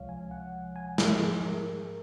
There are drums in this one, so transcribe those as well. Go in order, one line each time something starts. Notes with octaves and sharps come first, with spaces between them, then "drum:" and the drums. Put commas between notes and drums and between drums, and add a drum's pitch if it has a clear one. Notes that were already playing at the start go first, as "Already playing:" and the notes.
Already playing: C#2 C3 F3 G#3 C#5 F5
G#5
F#5
G#5
G#2 F3 G#3 A#4, drum: snare
G#4
A#4